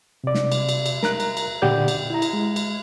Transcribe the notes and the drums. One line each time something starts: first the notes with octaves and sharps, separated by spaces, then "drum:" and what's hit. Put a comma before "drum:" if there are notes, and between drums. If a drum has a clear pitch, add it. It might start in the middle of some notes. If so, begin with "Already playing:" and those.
C3 D5
drum: snare
drum: cymbal
drum: cymbal
drum: cymbal
A#4 A#5 F#6, drum: snare
drum: cymbal
drum: cymbal
A#2 D3 G4 D5 F#5 G6
drum: cymbal
E4 A#5
drum: cymbal
G#3
drum: cymbal